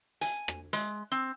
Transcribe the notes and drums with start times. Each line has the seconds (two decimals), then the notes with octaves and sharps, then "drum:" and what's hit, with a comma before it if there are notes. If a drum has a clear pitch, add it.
0.21 G#5, drum: hi-hat
0.48 drum: rim click
0.73 G#3, drum: hi-hat
1.12 C4